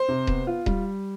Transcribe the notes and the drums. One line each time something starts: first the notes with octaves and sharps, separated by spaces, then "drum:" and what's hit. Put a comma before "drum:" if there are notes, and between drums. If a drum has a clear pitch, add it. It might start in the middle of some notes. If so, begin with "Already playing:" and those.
Already playing: C5
C3
B3, drum: kick D#1
F4
G3, drum: kick D#1